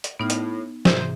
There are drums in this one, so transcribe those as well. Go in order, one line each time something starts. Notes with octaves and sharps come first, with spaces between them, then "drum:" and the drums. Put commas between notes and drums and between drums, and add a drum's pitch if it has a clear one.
drum: hi-hat
A2 B3 D#4 F6
drum: hi-hat
G#2 C3 E3 C5, drum: snare